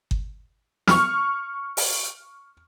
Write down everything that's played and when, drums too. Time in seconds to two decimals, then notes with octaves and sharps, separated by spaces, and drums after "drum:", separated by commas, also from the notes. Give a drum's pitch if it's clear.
0.11 drum: kick G1
0.87 C#6 F6, drum: snare
1.77 drum: open hi-hat